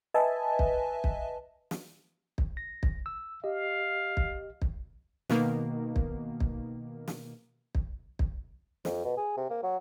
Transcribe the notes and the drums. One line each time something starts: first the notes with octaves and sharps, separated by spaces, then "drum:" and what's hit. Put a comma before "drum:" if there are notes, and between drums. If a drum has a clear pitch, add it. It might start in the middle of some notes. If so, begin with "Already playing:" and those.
B4 D#5 E5 G#5 A5
drum: kick
drum: kick
drum: snare
drum: kick
A#6
drum: kick
E6
G4 D#5 F5
drum: kick
drum: kick
B2 D#3 A#3, drum: snare
drum: kick
drum: kick
drum: snare
drum: kick
drum: kick
F2, drum: snare
B2
G#4
C3
A#3
F#3